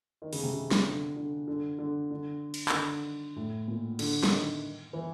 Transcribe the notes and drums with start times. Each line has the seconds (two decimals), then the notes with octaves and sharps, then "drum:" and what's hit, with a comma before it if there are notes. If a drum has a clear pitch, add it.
0.22 D#3
0.33 C#3, drum: open hi-hat
0.43 C3
0.53 C#3
0.71 drum: snare
0.85 D3
1.17 D3
1.48 D3
1.79 D3
2.11 D3
2.54 drum: cymbal
2.69 D#3, drum: clap
2.74 D3
3.36 A2
3.68 A#2
3.99 D3, drum: cymbal
4.24 D3, drum: snare
4.31 D#3
4.93 E3